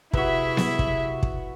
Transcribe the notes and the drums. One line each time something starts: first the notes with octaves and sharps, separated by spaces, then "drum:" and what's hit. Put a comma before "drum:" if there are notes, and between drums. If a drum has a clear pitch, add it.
C3 E4 F#4 G#4 B4 E5, drum: kick
drum: snare B3
drum: kick
drum: kick